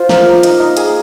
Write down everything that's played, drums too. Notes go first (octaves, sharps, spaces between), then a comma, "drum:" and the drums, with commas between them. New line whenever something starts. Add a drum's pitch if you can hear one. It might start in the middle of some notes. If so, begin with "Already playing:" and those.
Already playing: F4 C5
A#3 A#4, drum: snare
A#3
D#4, drum: hi-hat
D#4
A#3 G#4, drum: hi-hat